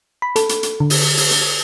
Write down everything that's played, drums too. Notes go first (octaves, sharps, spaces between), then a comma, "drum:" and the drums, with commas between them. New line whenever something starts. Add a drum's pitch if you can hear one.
B5
A4, drum: hi-hat
drum: hi-hat
drum: hi-hat
D3
drum: open hi-hat
drum: open hi-hat
drum: hi-hat